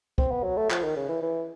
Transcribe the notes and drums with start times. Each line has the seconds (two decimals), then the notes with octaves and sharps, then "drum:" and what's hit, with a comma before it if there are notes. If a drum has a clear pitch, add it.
0.18 C4, drum: kick
0.31 B3
0.43 F#3
0.57 A3
0.70 F3, drum: clap
0.83 D#3
0.96 C#3
1.09 E3
1.22 E3